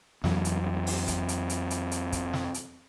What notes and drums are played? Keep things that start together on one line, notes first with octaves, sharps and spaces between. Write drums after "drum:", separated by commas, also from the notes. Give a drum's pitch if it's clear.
F2 E3 F#3, drum: snare
drum: hi-hat
drum: open hi-hat
drum: kick, hi-hat
drum: hi-hat
drum: hi-hat
drum: hi-hat
drum: hi-hat
drum: kick, hi-hat
drum: snare
drum: hi-hat